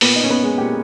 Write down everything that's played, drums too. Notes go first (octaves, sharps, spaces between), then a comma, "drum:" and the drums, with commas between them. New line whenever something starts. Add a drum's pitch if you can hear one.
A#2 B3, drum: open hi-hat
D#4
C#4
B3
G#3
A#2 G4